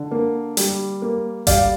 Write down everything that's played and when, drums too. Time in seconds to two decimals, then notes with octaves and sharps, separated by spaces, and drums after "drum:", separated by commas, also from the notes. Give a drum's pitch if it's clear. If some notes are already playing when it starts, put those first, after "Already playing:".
Already playing: D3
0.11 A#3
0.57 G3, drum: hi-hat
1.02 A#3
1.47 G3 D5 F5, drum: kick G#1, hi-hat